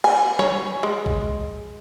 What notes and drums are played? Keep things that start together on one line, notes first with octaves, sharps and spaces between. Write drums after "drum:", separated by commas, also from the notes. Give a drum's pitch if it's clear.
G#5, drum: cymbal
C#5, drum: snare
G#3
drum: kick A#1